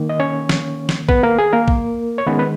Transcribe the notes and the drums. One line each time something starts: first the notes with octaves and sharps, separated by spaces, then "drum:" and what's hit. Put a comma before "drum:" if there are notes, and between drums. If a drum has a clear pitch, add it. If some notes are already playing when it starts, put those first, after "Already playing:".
Already playing: D#3 A#3
D#5
C#4 C#5
drum: snare
drum: snare
B3 B4, drum: kick A#1
A#3 A#4
G#4
A#3 A#4
drum: kick A#1
C#5
D#3 G#3 B3 C#4 B4
B4